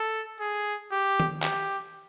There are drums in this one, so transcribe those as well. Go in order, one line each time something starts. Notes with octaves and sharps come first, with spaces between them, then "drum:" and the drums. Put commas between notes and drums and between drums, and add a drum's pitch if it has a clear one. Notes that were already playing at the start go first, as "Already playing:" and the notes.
Already playing: A4
G#4
G4
drum: tom D#3
G4, drum: clap